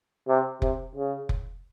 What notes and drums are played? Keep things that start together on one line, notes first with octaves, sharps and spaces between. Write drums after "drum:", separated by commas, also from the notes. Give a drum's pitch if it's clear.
C3
C3, drum: kick F1
C#3
drum: kick F1